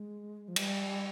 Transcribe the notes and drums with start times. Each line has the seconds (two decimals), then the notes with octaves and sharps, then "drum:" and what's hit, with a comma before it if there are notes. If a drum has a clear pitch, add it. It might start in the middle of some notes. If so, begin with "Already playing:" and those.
Already playing: G#3
0.48 F3
0.56 G3, drum: cymbal